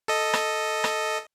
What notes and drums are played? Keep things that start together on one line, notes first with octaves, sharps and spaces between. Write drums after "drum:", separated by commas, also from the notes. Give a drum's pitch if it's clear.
A4 D#5
drum: rim click
drum: rim click